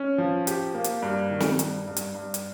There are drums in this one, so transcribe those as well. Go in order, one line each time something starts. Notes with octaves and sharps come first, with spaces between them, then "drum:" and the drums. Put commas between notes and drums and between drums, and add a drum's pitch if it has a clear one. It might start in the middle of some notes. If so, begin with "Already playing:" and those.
Already playing: C#4
F3
G4, drum: hi-hat
A#3
drum: hi-hat
G2
D#3
drum: snare
G2, drum: hi-hat
G2
drum: hi-hat
G2
drum: hi-hat